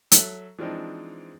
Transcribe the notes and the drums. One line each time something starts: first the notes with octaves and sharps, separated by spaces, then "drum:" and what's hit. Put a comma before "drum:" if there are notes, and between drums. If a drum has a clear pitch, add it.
F#3 A4 E5, drum: hi-hat
E3 F3 G#3 C4 D4 D#4